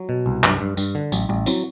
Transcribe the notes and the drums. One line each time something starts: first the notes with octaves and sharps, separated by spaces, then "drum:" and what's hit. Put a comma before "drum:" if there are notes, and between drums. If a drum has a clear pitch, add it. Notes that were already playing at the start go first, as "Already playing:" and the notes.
Already playing: F#3
B2
C2
G2 F#3, drum: clap
G2
G2 G3, drum: tambourine
D3
A1 F#3, drum: tambourine
A1 G3
F#3 C4 E4, drum: tambourine